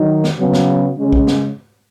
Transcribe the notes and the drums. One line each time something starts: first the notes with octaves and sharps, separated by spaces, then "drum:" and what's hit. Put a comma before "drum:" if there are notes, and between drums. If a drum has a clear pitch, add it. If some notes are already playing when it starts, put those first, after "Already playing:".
Already playing: D#3 F#3 D#4
drum: snare
C#3 F#3 B3
drum: snare
C#3 G#3 C#4
drum: kick
drum: snare